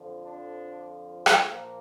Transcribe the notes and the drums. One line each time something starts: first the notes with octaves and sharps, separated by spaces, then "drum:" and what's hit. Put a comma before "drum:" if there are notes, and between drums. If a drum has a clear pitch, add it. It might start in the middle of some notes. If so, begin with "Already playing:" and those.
Already playing: F2 D3 F3
D4
drum: rim click
A#2 F3 A#3